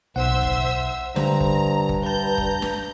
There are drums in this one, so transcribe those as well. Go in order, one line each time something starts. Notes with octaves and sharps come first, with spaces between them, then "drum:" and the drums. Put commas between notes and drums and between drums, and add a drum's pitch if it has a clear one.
B1 C5 E5 F#5 E6
drum: kick G1
G2 D3 C5 A#5, drum: snare
drum: kick G1
drum: kick G1
B4 A5 A#5 G6
drum: kick G1
drum: snare